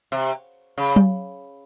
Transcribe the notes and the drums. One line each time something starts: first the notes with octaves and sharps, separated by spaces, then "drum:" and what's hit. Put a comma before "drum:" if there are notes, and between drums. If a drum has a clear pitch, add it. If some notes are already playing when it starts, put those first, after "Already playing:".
C3
C#3
drum: tom F#3